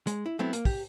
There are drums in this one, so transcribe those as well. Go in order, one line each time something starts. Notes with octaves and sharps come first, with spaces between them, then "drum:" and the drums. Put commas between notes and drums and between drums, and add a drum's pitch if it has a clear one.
G#3, drum: hi-hat
E4
F#3 A3 B3 C4 E4
A#3, drum: hi-hat
G4, drum: kick, open hi-hat